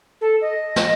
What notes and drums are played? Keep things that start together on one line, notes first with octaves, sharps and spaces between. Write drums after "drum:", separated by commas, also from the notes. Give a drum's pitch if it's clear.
A4
D#5
drum: snare